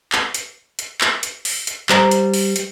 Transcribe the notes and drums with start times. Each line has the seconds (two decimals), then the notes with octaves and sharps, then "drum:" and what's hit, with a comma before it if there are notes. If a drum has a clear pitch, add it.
0.12 drum: clap
0.34 drum: hi-hat
0.79 drum: hi-hat
1.01 drum: clap
1.23 drum: hi-hat
1.45 drum: open hi-hat
1.67 drum: hi-hat
1.89 G3 C5 A#5, drum: clap
2.11 drum: hi-hat
2.34 drum: open hi-hat
2.56 drum: hi-hat